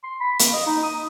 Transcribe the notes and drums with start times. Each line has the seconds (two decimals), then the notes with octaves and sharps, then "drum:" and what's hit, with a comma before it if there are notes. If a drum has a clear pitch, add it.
0.04 C6
0.20 B5
0.39 A#3, drum: hi-hat
0.53 D#5
0.66 D#4
0.83 D#6